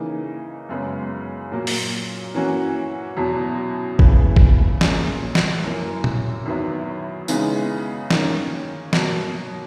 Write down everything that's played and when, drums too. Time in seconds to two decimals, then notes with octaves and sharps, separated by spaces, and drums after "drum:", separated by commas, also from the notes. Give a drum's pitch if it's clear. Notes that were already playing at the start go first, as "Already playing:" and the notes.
Already playing: C#3 E3 A#3 D#4
0.69 F#2 C#3 G#3 B3
1.52 A#2 F#3 A#3
1.67 drum: open hi-hat
2.34 E3 A#3 C#4 F#4
3.17 E2 B2 F#3
3.99 C#3 E3 B3, drum: kick
4.36 drum: kick
4.81 A#2 A#3 C#4 G#4, drum: snare
5.35 drum: snare
5.64 F#2 E3 A#3
6.04 drum: tom A#2
6.46 E2 D#3 F#3 B3 E4
7.28 C#3 E3 G#3 B3 D#4, drum: tambourine
8.11 D#3 A#3 C#4, drum: snare
8.93 B2 F#3 A#3, drum: snare